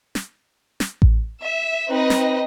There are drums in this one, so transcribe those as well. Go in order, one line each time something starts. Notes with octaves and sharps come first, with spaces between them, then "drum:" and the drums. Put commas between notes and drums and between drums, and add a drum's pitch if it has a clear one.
drum: snare
drum: snare
drum: kick A1
E5
C4 D#4 B4 D#5
drum: snare